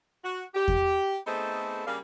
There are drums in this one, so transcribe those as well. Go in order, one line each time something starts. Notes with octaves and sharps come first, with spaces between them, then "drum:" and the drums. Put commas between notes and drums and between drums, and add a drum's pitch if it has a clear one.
F#4
G4
drum: kick E2
A3 B3 C4 D#4 G#4 A4
C#3 G3 A#3 D4 F5